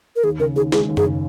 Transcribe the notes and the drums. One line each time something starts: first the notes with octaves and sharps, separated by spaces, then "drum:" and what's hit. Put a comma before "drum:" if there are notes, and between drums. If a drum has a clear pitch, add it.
A#4
D#2 G#4
C#3 A#4
D#2 G#4
G#3 G#4, drum: snare
D#2
G#4, drum: tom F#2
C#3